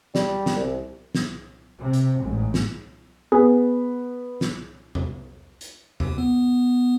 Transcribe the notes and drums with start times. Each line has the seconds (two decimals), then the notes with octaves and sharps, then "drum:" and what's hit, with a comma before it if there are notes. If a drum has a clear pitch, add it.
0.15 G3, drum: snare
0.46 drum: snare
0.56 C2
1.15 drum: snare
1.79 C3
1.93 drum: hi-hat
2.20 A1 G#2
2.54 drum: snare
3.32 B3 G#4
4.41 drum: snare
4.95 drum: tom E2
5.61 drum: hi-hat
6.00 D#2, drum: tom E2
6.18 B3